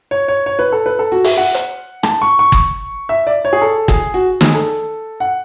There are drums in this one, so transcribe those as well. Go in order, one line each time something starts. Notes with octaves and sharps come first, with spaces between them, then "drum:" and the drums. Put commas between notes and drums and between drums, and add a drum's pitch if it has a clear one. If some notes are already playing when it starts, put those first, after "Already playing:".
C#5
C#5
C#5
B4
A4
B4
A4
F#4
E5, drum: open hi-hat
F#5
drum: hi-hat
A5, drum: rim click
C#6
C#6
drum: kick G1
E5
D5
C#5
G#4
A4
G#4, drum: kick G1
F#4
G#4, drum: snare
A4
F#5